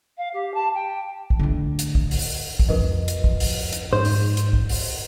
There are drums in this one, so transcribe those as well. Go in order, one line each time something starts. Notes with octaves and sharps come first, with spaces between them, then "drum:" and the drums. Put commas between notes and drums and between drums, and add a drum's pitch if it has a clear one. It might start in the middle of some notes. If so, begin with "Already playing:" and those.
F5
G4
A5
G5
drum: kick
D3 A3
drum: hi-hat
drum: kick
drum: open hi-hat
drum: kick
F2 F3 A#4 B4 D#5
drum: hi-hat
drum: kick
drum: open hi-hat
drum: hi-hat
G#2 C5
drum: open hi-hat
drum: hi-hat
drum: kick
drum: open hi-hat